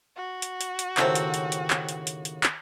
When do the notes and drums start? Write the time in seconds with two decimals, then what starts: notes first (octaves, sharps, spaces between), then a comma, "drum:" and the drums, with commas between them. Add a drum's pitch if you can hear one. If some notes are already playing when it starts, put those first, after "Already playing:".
0.16 F#4
0.42 drum: hi-hat
0.61 drum: hi-hat
0.79 drum: hi-hat
0.97 D#2 A2 C#3 F#3 A3 C4, drum: clap
1.15 drum: hi-hat
1.34 drum: hi-hat
1.52 drum: hi-hat
1.70 drum: clap
1.89 drum: hi-hat
2.07 drum: hi-hat
2.25 drum: hi-hat
2.43 drum: clap